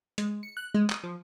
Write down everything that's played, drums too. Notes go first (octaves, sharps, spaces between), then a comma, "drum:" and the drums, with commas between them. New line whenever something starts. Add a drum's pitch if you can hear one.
G#3, drum: hi-hat
C#7
F#6
G#3
D#6, drum: clap
F3